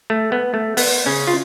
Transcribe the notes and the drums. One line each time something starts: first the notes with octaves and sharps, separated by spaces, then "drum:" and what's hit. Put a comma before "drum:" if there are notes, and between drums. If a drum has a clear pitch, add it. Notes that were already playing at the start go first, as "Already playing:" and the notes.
A3
B3
A3
B3, drum: open hi-hat
C#3 C#4
F4